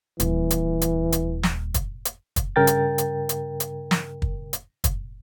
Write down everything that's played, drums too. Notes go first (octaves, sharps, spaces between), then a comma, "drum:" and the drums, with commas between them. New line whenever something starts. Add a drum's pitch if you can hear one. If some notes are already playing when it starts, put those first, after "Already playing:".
D#1 E3, drum: hi-hat
drum: hi-hat
drum: hi-hat
drum: hi-hat
drum: snare
drum: kick, hi-hat
drum: hi-hat
drum: kick, hi-hat
G2 C#3 A#4 G5 A6
drum: hi-hat
drum: hi-hat
drum: hi-hat
drum: hi-hat
drum: snare
drum: kick
drum: hi-hat
drum: kick, hi-hat